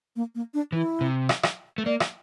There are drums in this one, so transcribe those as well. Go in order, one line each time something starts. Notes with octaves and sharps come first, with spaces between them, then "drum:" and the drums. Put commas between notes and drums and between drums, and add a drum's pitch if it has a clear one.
A#3
A#3
D4
E3 E4
C3
drum: rim click
drum: rim click
A3
A#3 D5
drum: rim click